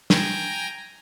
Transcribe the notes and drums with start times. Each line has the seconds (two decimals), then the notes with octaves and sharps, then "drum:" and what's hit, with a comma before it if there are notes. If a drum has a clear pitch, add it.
0.10 G5 G#5 A#5, drum: snare